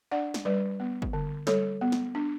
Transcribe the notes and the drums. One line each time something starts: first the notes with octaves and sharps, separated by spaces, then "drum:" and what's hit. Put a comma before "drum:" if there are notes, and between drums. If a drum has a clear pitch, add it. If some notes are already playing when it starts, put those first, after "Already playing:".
D4 D5 F#5
drum: snare
G3 B4 D5
B3
drum: kick
D3
G3 A4 C#5, drum: snare
B3
drum: snare
D4